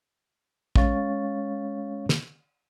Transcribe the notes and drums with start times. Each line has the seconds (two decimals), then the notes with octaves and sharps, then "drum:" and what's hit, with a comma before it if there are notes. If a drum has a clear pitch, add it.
0.76 G#3 C#4 C#5 F5 C#6 A6, drum: kick
2.09 drum: snare